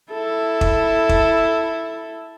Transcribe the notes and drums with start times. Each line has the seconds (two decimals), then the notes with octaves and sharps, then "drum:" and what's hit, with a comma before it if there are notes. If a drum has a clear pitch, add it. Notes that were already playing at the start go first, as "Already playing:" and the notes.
0.13 E4 A4
0.61 drum: kick
1.09 drum: kick